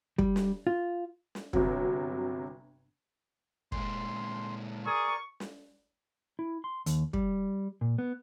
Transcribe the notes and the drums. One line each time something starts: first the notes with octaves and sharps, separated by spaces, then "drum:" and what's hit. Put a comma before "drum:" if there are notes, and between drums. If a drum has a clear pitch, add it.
G3, drum: kick
drum: snare
F4
drum: snare
G1 C3 F#3, drum: kick
A#2 G#3 C6, drum: kick
G#4 A#4 D5 C#6 D#6
drum: snare
E4
C6
D#2, drum: hi-hat
G3, drum: kick
A#2
B3